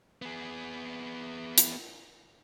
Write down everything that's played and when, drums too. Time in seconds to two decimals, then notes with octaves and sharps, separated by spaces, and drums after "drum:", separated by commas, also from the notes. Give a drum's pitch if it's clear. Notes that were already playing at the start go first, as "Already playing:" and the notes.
0.22 B3 G#4
1.58 drum: hi-hat